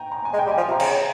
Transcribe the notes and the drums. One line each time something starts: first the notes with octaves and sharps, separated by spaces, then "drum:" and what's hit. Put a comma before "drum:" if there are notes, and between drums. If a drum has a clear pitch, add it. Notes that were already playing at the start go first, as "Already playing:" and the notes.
Already playing: G5 G#5 A#5
A#5
G#5
G#3
G5
G3
G#5
F3
C3
A#5
C#3 G#5, drum: cymbal